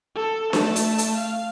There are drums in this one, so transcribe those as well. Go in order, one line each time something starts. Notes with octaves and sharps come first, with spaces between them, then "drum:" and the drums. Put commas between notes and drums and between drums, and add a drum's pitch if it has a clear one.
A4
A3 A5, drum: snare D4
drum: hi-hat
drum: hi-hat
F5